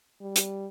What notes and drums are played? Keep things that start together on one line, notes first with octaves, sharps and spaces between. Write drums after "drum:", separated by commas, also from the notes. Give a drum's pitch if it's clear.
G3
drum: hi-hat